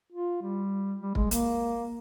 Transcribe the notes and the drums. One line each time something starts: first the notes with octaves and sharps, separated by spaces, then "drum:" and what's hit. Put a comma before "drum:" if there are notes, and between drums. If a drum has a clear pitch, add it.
F4
G3
G3
G#3, drum: kick
A#3, drum: hi-hat